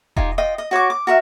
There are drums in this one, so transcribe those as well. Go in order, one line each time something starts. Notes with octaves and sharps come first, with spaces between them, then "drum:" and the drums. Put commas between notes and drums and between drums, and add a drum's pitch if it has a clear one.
D#4 F4 G4 G#5, drum: kick E1
F4 D#5 G5
D#5
F#4 C#5 C#6 D6
D6
F#4 A#4 E5